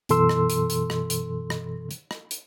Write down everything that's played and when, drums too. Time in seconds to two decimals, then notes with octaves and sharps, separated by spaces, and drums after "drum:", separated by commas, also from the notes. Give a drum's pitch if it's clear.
0.09 F#2 B2 E3 A4 C6 E6, drum: hi-hat
0.29 drum: rim click
0.50 drum: hi-hat
0.70 drum: hi-hat
0.90 drum: rim click
1.10 drum: hi-hat
1.50 drum: rim click
1.91 drum: hi-hat
2.11 drum: rim click
2.31 drum: hi-hat